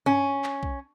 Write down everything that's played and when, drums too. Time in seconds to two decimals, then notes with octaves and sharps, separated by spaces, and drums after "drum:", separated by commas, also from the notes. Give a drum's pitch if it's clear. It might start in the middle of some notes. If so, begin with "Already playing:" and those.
0.06 C#4, drum: tom G2
0.44 drum: clap
0.63 drum: kick B1